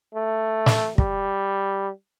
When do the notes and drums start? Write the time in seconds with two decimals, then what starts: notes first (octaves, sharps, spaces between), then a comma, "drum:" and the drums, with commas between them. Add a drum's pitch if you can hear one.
0.15 A3
0.66 drum: snare
0.98 G3, drum: kick